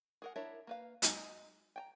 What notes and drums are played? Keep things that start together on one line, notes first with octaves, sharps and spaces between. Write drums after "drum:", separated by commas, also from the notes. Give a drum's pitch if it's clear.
G#4 A#4 F#5
D4 E4 A#4 C#5 E5
A#3 B4 F5
F#3 G#3 D#4 A#5, drum: hi-hat
G5 G#5 A#5